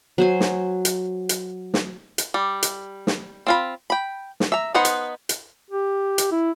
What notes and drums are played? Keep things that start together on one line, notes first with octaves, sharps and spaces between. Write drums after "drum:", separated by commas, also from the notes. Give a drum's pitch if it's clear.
F#3 C5 G#5
drum: snare
drum: hi-hat
drum: hi-hat
drum: snare
drum: hi-hat
G3
drum: hi-hat
drum: snare
C4 F4 B5
G5 B5
drum: snare
E5 A#5
B3 D#4 B4 C5 F#5
drum: hi-hat
drum: hi-hat
G4
drum: hi-hat
E4